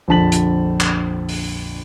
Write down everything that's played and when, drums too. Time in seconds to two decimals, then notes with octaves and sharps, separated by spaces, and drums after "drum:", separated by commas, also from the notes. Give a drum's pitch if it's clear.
0.08 A#1 F2 D3 A5 B6 F#7
0.32 drum: hi-hat
0.80 drum: clap
1.29 drum: open hi-hat